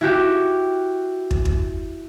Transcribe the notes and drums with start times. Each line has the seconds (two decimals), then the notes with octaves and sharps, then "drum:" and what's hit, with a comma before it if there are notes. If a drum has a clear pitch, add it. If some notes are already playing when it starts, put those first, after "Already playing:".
0.01 E4 F#4 G4
1.31 drum: kick
1.45 drum: kick